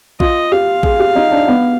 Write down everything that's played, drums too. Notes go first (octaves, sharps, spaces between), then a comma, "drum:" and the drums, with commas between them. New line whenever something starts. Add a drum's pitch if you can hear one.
F4 D#5, drum: kick A#1
G4 F5
G#4, drum: kick A#1
G4
D#4
D4
B3